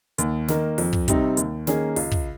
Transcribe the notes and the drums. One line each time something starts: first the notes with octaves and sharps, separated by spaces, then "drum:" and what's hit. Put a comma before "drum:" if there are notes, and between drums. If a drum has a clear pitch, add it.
D#2, drum: hi-hat
D#3 A#3, drum: snare
F2, drum: open hi-hat
drum: kick
C3 G3 C4 D#4, drum: kick, hi-hat
D#2, drum: hi-hat
D#3 A#3 C#4 G#4, drum: snare
C#2, drum: open hi-hat
drum: kick